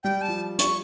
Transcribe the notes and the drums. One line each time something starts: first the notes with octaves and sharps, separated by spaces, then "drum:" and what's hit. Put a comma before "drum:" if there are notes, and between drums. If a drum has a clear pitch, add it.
G3 G5
A5
F3
C#6, drum: hi-hat